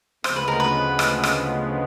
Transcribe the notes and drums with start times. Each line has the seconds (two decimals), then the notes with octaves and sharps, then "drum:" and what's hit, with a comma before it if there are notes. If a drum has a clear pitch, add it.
0.24 D2 C#3 F3 G#3 B3 C5, drum: rim click
0.36 B4
0.48 A#4
0.60 B4
0.99 drum: rim click
1.24 drum: rim click